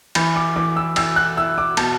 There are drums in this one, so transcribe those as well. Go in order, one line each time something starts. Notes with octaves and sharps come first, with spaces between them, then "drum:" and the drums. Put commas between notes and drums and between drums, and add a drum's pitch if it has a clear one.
E3 B5, drum: cymbal
D6
E3 D6
E6
E3 E6, drum: cymbal
F#6
E4 E6
D6
B2 A5, drum: cymbal